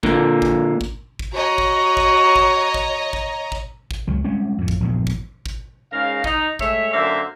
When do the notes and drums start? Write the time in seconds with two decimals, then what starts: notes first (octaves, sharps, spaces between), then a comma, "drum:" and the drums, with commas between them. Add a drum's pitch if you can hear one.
0.03 A#2 D3 A#3, drum: kick
0.42 drum: kick
0.81 drum: kick
1.19 drum: kick
1.35 F#4 C#5 D#5 A#5
1.58 drum: kick
1.97 drum: kick
2.36 drum: kick
2.74 drum: kick
3.13 drum: kick
3.52 drum: kick
3.91 drum: kick
4.07 C#2 F#3
4.24 G3 G#3 C4 C#4
4.58 F2 A2
4.68 drum: kick
4.80 A#1 E2 G2
5.07 drum: kick
5.46 drum: kick
5.92 G#2 C#3 A#4 F5
6.24 D#4, drum: kick
6.59 G#3 A3 C#5 E5, drum: kick
6.93 F#2 D3 A#3 A#4 C5 E5